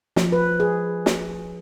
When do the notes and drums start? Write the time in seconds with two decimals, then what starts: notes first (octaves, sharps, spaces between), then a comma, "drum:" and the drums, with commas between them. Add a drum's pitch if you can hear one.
0.16 F3, drum: snare
0.32 B4
0.60 G#4
1.06 drum: snare